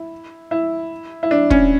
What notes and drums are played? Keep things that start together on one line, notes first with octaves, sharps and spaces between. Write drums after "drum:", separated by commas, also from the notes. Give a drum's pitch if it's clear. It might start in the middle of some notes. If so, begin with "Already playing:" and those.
Already playing: E4
E4
E4
D4
C#4, drum: kick